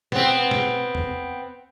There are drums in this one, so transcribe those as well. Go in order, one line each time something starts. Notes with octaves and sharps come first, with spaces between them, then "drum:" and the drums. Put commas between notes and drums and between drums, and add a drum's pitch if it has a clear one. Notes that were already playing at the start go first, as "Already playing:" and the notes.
B3 C4, drum: snare
drum: snare
drum: tom